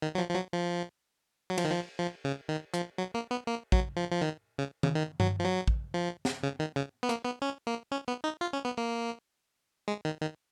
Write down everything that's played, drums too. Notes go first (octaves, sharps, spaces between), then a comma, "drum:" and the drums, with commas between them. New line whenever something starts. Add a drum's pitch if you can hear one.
D#3
F#3
F3
F3
F#3
F3
F#3
F3, drum: cymbal
D#3
F3
F3
C#3
D#3
F3, drum: hi-hat
F#3
A#3
B3
A#3
F#3, drum: kick
F3
F3
D#3
C#3
C#3, drum: tom D#3
D#3
F#3, drum: tom G2
F3
F#3
drum: kick
F3
drum: snare
C#3
D#3
C#3
B3
A#3, drum: hi-hat
B3
C#4
A#3
C#4
B3
D#4
F4
C#4
B3
A#3
G#3
D#3
D#3